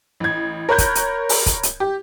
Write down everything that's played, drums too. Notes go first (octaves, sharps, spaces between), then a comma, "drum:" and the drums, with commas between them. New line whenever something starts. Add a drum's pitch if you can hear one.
A1 G#6
A#4 C#5 B5 F#6 G6
drum: kick, hi-hat
drum: hi-hat
drum: open hi-hat
drum: kick, hi-hat
drum: hi-hat
G4